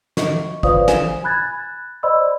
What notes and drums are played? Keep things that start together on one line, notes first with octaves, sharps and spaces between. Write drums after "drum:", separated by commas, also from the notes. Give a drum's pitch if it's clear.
D#5 C#6, drum: snare
F4 B4 C5 D5 F5 D#6, drum: kick
G#5 E7, drum: snare
B5 F#6 G#6 A6
C5 D5 D#5 B5 C6 E6